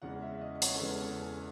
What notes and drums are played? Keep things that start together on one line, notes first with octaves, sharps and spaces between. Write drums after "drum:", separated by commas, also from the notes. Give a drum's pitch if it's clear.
E2 C#3 G#3 F#5
E5
E5
D#5
D#5
C#5, drum: hi-hat
A4
E2 C#3 G#3 B4
A4
G#4